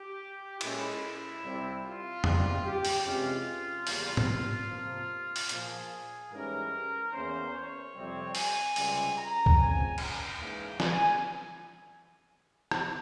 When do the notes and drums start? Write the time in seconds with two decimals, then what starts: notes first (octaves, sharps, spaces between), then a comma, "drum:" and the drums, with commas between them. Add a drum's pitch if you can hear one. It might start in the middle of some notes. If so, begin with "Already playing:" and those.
Already playing: G4
0.61 A#2 G#3 C#4 E4, drum: cymbal
1.42 C2 C3 G3 C4
1.83 F4
2.24 C#2 C3 G3, drum: tom F2
2.65 G4
2.85 drum: open hi-hat
3.05 C3 E3 G#3 C#4 F4
3.87 E2 C#3 G3 A#3 C#4 F4, drum: open hi-hat
4.17 drum: tom G#2
4.68 C3 F3 A#3
5.36 drum: open hi-hat
5.49 A#2 F3 A#3 G#4, drum: hi-hat
6.31 G#2 E3 G3 C#4 A#4
7.13 E2 E3 A#3 C#4 C5
7.53 C#5
7.94 F2 C3 G3 C4
8.35 G#5, drum: open hi-hat
8.76 C#2 C3 G3 C4, drum: open hi-hat
9.17 A#5
9.46 drum: kick
9.57 C#2 C#3 F3 C4 G#5
9.98 G5, drum: cymbal
10.38 G#2 E3 A#3 C#4
10.80 G#5, drum: snare
12.71 drum: rim click